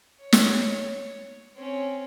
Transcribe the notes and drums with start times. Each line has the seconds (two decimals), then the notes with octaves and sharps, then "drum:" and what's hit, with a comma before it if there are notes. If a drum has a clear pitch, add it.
0.21 C#5
0.33 drum: snare
1.57 C4 C#4